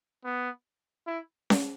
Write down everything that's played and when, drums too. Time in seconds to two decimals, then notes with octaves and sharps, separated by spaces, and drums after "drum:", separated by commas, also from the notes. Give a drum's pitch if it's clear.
0.24 B3
1.07 E4
1.50 drum: snare C#4